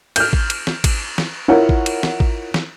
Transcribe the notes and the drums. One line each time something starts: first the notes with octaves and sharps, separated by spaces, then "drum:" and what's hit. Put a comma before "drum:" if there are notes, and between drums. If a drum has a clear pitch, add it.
F6 G6, drum: cymbal
drum: kick G#1
drum: cymbal
drum: snare
drum: kick G#1, cymbal
drum: snare
E4 F4 A#4 C#5 F#5
drum: kick G#1
drum: cymbal
drum: snare
drum: kick G#1
drum: snare